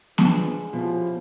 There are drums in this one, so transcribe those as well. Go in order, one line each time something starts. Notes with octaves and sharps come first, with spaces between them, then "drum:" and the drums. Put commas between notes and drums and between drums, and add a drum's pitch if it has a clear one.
F3 G#3 B3 D4, drum: snare
B2 F3 C#4 E4 G4